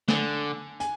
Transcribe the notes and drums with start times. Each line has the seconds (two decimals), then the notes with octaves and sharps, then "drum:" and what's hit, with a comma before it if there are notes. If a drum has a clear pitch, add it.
0.08 D3 G#5, drum: snare
0.80 G#5, drum: hi-hat